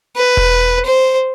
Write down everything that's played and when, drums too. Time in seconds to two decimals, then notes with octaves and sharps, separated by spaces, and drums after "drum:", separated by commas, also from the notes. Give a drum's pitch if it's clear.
0.16 B4
0.37 drum: kick E1
0.85 C5